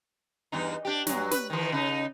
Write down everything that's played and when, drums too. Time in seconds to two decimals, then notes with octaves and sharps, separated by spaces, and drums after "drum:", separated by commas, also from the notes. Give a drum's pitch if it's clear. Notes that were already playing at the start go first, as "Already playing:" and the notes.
0.52 E2 G2 D#4
0.85 D4 G4
1.07 G2 F#3, drum: snare
1.31 B4, drum: snare
1.50 D#3 E3
1.72 C#3 D#4